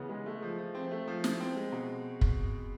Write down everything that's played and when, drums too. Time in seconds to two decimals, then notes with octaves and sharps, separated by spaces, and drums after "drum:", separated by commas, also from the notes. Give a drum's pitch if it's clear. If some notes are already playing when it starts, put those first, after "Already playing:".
Already playing: C#3 E3 B3
0.09 G#3
0.26 A3
0.42 F3
0.58 F3
0.75 C4
0.91 A3
1.08 F3
1.24 E4, drum: snare
1.40 C4
1.56 G#3
1.72 B2
2.21 drum: kick